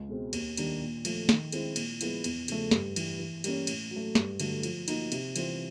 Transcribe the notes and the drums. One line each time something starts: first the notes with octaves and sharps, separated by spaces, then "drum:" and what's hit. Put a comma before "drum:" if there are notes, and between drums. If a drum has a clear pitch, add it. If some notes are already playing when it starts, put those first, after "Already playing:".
Already playing: C#2
B2 G#3 C4
D#2, drum: cymbal
D#3 G3 A#3 D4, drum: cymbal
A#2
F3 A3, drum: cymbal
D#3, drum: snare
G#3 C4 E4, drum: cymbal
A#2, drum: cymbal
F3 G#3 B3 E4, drum: cymbal
E2, drum: cymbal
C#3 F3 A3, drum: cymbal
G2, drum: snare
E3 G3, drum: cymbal
E3
G3 A#3 C#4, drum: cymbal
A2, drum: cymbal
F#3
A3
G2, drum: snare
D3 F#3 A3, drum: cymbal
F3, drum: cymbal
A#3 D#4 F#4, drum: cymbal
C3, drum: cymbal
E3 G3 C4 F4, drum: cymbal